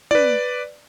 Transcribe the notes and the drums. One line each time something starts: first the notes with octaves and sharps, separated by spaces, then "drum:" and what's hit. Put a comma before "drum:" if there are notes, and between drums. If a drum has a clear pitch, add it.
B4 D5, drum: tom